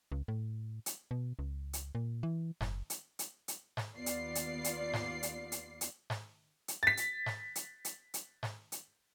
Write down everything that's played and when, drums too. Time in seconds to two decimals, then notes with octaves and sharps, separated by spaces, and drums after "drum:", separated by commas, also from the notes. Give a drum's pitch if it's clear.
0.12 C#2
0.28 A2
0.86 drum: hi-hat
1.11 B2
1.39 C#2
1.73 drum: hi-hat
1.95 A#2
2.23 E3
2.61 F#1, drum: snare G#2
2.90 drum: hi-hat
3.19 drum: hi-hat
3.48 drum: hi-hat
3.77 drum: snare G#2
3.96 D#2 B3 F4 D5 C7
4.06 drum: hi-hat
4.35 drum: hi-hat
4.64 drum: hi-hat
4.94 drum: snare G#2
5.23 drum: hi-hat
5.52 drum: hi-hat
5.81 drum: hi-hat
6.10 drum: snare G#2
6.68 drum: hi-hat
6.83 A6 B6
6.97 drum: hi-hat
7.26 drum: snare G#2
7.55 drum: hi-hat
7.85 drum: hi-hat
8.14 drum: hi-hat
8.43 drum: snare G#2
8.72 drum: hi-hat